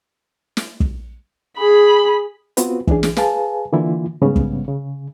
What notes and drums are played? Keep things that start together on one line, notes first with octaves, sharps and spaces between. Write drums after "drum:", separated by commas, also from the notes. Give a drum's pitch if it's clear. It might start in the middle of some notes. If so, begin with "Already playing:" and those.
drum: snare
drum: kick
G#4 B5
B3 C4 F4 F#4 B4, drum: hi-hat
E3 C#4 D4 G#4, drum: kick
drum: snare
G#4 B4 F5 G#5 A5, drum: snare
D3 E3 A#3 E4 F4
G#2 C#3 G3 B3 C#4
drum: kick
C#3